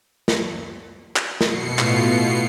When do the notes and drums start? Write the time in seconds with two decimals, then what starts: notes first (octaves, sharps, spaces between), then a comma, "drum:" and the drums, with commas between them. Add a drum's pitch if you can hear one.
0.28 drum: snare
1.16 drum: clap
1.41 B2 C7 C#7, drum: snare
1.79 A2 F4, drum: clap